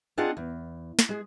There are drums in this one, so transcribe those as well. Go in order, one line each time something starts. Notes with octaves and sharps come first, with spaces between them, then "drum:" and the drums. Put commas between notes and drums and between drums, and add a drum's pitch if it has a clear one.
C4 D4 F4 G#4 D#5 F#5
E2
drum: snare
G#3 G#4